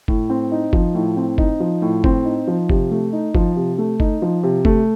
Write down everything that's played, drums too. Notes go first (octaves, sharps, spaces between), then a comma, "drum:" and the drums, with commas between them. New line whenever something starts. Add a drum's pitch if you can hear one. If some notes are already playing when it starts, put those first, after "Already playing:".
A2, drum: kick G1
C4
D#4
F3, drum: kick G1
A2
C4
D#4, drum: kick G1
F3
A2
C4, drum: kick G1
D#4
F3
C3, drum: kick G1
A3
D#4
F3, drum: kick G1
C3
A3
D#4, drum: kick G1
F3
C3
A3, drum: kick G1